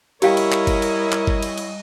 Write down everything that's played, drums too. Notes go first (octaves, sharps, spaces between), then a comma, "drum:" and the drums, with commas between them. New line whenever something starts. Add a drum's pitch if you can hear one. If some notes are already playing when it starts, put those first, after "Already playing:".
G3 E4 G4 A#4 C#5 D#5 F5 G5, drum: cymbal
drum: cymbal
drum: clap
drum: kick G1, cymbal
drum: cymbal
drum: clap
drum: kick G1
drum: cymbal
drum: cymbal